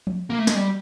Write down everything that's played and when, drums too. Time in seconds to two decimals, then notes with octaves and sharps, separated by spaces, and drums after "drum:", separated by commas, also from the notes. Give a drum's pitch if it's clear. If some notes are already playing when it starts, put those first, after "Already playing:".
0.07 drum: tom F3
0.30 A#3
0.38 A3
0.47 G#3, drum: snare
0.55 G3